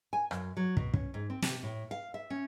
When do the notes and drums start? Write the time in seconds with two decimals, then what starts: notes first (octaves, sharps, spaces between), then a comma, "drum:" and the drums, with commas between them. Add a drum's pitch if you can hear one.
0.13 G#5
0.31 F#2, drum: rim click
0.57 F#3
0.77 B2, drum: kick
0.94 C#4, drum: kick
1.14 G#2
1.30 C4
1.42 C3, drum: snare
1.63 A2
1.91 F5
2.14 E5
2.30 C#4